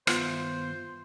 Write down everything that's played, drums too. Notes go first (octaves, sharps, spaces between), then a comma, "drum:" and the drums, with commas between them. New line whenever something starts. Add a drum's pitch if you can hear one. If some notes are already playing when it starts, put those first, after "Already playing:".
G2 D#3 B3 F4 C5 E5, drum: rim click